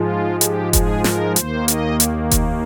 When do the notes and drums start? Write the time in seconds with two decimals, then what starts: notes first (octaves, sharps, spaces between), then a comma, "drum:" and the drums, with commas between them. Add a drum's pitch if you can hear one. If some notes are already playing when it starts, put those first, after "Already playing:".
Already playing: G#2 F3 G#3 F4
0.41 G4, drum: hi-hat
0.73 G#4, drum: kick F1, hi-hat
1.04 A#4, drum: snare
1.36 D#2 D#3 A#3 C5, drum: hi-hat
1.68 D#5, drum: hi-hat
2.00 drum: hi-hat
2.31 drum: kick F1, hi-hat